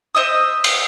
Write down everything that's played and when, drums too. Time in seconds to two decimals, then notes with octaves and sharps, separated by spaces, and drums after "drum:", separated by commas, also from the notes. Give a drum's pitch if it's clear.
0.15 C5 D#5 E5 D#6
0.64 drum: cymbal